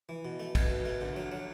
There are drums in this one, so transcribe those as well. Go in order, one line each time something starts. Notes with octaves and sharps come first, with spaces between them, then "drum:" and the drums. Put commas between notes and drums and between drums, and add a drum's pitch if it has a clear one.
E3
B2
A3
B2, drum: kick, cymbal
B2
A3
D3
F#3
F#3